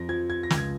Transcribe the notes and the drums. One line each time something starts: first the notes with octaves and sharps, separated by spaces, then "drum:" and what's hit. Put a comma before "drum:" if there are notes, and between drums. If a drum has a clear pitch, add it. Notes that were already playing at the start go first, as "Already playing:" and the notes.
Already playing: F2 A#6
F3 G#6
G#6
A#6
C#2, drum: snare
G#6